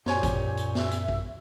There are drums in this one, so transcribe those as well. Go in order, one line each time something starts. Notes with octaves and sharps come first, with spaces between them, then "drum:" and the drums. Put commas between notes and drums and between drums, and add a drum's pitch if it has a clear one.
F#2 A#2 G4 C5 C#5 G#5, drum: snare
drum: kick G#1, hi-hat
drum: hi-hat
E5, drum: snare
drum: hi-hat
drum: kick G#1